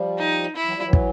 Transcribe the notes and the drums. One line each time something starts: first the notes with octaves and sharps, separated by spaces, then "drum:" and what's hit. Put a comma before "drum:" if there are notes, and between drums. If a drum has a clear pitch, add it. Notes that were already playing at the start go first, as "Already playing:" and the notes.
Already playing: F3 G3
D#4
E4
E3 F#3
F3 G3
E3 F#3
drum: kick